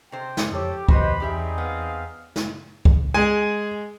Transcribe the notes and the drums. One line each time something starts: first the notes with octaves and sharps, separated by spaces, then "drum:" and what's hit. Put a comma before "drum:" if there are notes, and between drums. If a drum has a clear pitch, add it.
C3 C5 G5
drum: snare
F2 G4 A4 C#5
E2 F#4 G4 B4 C5 D#5 B5, drum: kick C2
G3 C4 D#4 G4 G#4 E5
B3 F5
drum: snare
drum: kick C2
G#3 G#4 G#5